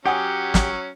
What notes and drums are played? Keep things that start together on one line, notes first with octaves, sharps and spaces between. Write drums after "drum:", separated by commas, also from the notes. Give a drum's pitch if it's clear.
F#3 C#4 G4 F#5 G#5 D#6
drum: snare